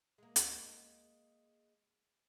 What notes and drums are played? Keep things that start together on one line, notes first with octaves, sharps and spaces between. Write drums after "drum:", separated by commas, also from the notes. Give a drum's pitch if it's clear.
G#3 A#3
drum: hi-hat